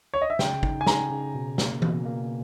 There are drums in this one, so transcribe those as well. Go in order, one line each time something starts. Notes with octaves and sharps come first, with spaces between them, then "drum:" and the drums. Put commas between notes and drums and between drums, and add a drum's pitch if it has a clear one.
C#5
D#5
E5
C#3 G5, drum: snare
D#4, drum: kick
G#5
C#3 A#5, drum: snare
C#3
B2
A#3, drum: snare
B2, drum: tom E3
A#3